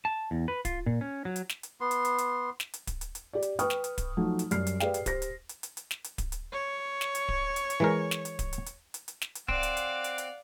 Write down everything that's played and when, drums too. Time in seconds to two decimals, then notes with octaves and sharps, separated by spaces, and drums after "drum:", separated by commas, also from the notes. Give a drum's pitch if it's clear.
0.05 A5
0.31 E2
0.48 B4
0.65 F4, drum: kick D1, hi-hat
0.86 A#2
1.01 C#4
1.25 F#3
1.36 drum: hi-hat
1.49 drum: snare
1.63 drum: hi-hat
1.81 B3 C6
1.91 drum: hi-hat
2.05 drum: hi-hat
2.18 drum: hi-hat
2.60 drum: snare
2.74 drum: hi-hat
2.87 drum: kick D1, hi-hat
3.01 drum: hi-hat
3.15 drum: hi-hat
3.33 G4 D5
3.42 drum: hi-hat
3.59 B4 G5 C#6 D#6 F6, drum: hi-hat
3.70 drum: snare
3.84 drum: hi-hat
3.98 drum: kick D1, hi-hat
4.17 F3 F#3 A3 D#4
4.39 drum: hi-hat
4.51 F#2 G3 F6 C7, drum: hi-hat
4.67 drum: hi-hat
4.80 G4 G#4 B4 D5 F5 G5, drum: snare
4.94 drum: hi-hat
5.06 G4 C5 A#6, drum: kick D1, hi-hat
5.22 drum: hi-hat
5.49 drum: hi-hat
5.63 drum: hi-hat
5.77 drum: hi-hat
5.91 drum: snare
6.04 drum: hi-hat
6.18 drum: kick D1, hi-hat
6.32 drum: hi-hat
6.52 C#5
7.01 drum: snare
7.15 drum: hi-hat
7.28 drum: kick D1
7.56 drum: hi-hat
7.70 drum: hi-hat
7.80 E3 G#3 A#4
8.11 drum: snare
8.25 drum: hi-hat
8.39 drum: kick D1, hi-hat
8.53 drum: hi-hat
8.66 drum: hi-hat
8.94 drum: hi-hat
9.08 drum: hi-hat
9.22 drum: snare
9.35 drum: hi-hat
9.48 C4 D5 F5 F#5, drum: kick D1
9.63 drum: hi-hat
9.77 drum: hi-hat
10.04 drum: hi-hat
10.18 drum: hi-hat